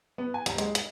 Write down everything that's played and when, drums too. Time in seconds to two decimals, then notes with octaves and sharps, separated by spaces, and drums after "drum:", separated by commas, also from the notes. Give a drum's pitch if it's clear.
0.18 B3
0.34 G#5
0.46 D#1, drum: hi-hat
0.58 G#3, drum: hi-hat
0.75 F#7, drum: hi-hat